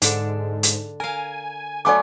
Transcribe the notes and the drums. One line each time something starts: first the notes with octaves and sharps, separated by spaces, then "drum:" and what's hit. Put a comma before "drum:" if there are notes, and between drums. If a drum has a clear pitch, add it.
G#2 D3 D4, drum: hi-hat
drum: hi-hat
A#4 F5 G#5
F#3 A3 B3 D5 G#5 D6